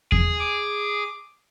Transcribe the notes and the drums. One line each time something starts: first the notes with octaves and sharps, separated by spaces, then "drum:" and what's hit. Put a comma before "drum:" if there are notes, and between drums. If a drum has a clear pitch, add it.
G#4, drum: kick E2
D6